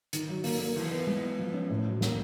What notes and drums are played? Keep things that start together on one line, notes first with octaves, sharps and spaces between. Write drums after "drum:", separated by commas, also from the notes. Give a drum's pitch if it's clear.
D#3, drum: hi-hat
F#3
A#3, drum: open hi-hat
A#3
E3, drum: cymbal
B3
G#3
B3
F3
C#4
A2
F#3
A#3, drum: snare